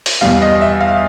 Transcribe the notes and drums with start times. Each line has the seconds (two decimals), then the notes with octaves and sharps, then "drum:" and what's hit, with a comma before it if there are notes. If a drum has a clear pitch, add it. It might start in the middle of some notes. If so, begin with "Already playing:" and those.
0.06 drum: open hi-hat
0.21 E2 B2 G3 F5
0.42 D#5
0.61 E5
0.81 F5